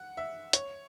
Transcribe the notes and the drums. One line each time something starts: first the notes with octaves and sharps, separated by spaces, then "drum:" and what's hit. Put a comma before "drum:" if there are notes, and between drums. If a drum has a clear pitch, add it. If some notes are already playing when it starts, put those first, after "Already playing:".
Already playing: F#5
E5
C#5, drum: hi-hat